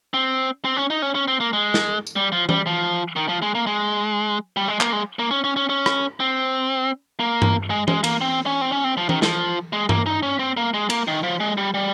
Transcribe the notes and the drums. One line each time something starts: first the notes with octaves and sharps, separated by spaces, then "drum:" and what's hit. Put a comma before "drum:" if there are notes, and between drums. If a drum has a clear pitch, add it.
C4
C4
C#4
D#4
C#4
C#4
C4
A#3
G#3
drum: snare
drum: tambourine
G3
F3
G3, drum: tom E3
F3
D#3
F3
G#3
A#3
G#3
G3
G#3
A#3, drum: clap
G#3
A#3
C#4
C#4
C#4
C#4
drum: rim click
C4
A#3
drum: tom G2
G#3
G#3, drum: tom E3
A#3, drum: cymbal
C4
C#4
C4
C#4
C4
F3
D#3, drum: tom E3
F3, drum: snare
G#3
A#3, drum: tom G2
D#4
C#4
C4
A#3
G#3
A#3, drum: cymbal
D#3
F3
G#3
G3
G3